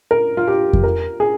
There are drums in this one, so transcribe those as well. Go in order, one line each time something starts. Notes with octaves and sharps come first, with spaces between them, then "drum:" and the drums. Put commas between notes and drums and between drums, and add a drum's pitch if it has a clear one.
A#4
F4
G4
drum: kick F2
A#4
G#4